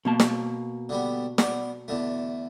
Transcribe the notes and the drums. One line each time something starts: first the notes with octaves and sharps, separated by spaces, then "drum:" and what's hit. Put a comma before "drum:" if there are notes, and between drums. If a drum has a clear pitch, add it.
B2 A#3 A5
drum: snare
D3 G3 B3
B3 D5, drum: snare
E2 D3 A3